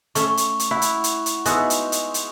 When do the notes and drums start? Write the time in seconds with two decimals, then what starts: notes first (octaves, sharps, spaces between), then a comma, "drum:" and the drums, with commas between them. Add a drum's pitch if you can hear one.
0.15 A3 C#4 E5 C#6, drum: hi-hat
0.37 drum: hi-hat
0.59 drum: hi-hat
0.71 E4 F#5
0.82 drum: hi-hat
1.04 drum: hi-hat
1.26 drum: hi-hat
1.45 G#3 B3 D#4 F#4 E5, drum: hi-hat
1.70 drum: hi-hat
1.92 drum: hi-hat
2.14 drum: hi-hat